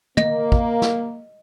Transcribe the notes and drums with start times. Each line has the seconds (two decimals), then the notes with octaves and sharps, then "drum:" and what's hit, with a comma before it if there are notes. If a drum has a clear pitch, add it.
0.17 A#3 D#5, drum: tom
0.52 drum: kick
0.82 drum: snare